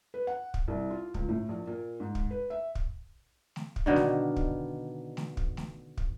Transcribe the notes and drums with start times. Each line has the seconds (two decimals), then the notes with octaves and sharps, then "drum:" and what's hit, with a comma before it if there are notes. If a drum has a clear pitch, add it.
0.14 B4
0.27 F#5
0.54 drum: kick
0.68 C2
0.91 F4
1.14 C#2, drum: kick
1.29 A2
1.49 A#1
1.67 A#2
2.00 G#2
2.15 drum: kick
2.31 B4
2.50 E5
2.75 drum: kick
3.56 drum: snare A3
3.76 drum: kick
3.86 B2 D3 D#3
3.96 drum: snare A3
4.36 drum: kick
5.17 drum: snare A3
5.37 drum: kick
5.57 drum: snare A3
5.97 drum: kick